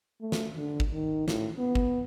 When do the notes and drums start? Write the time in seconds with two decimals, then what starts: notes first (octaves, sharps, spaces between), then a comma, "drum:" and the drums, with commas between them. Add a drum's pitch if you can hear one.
0.21 A3
0.32 drum: snare
0.57 D3
0.80 drum: kick
0.92 D#3
1.28 A2, drum: snare
1.58 B3
1.75 drum: kick